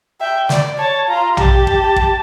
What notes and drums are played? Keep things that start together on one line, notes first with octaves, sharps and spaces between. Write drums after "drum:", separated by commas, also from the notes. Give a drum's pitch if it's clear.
E5 G5
D5, drum: snare
C#5 A5
F4 A#5
A#5
G4 A5, drum: tom A#1
drum: kick
drum: kick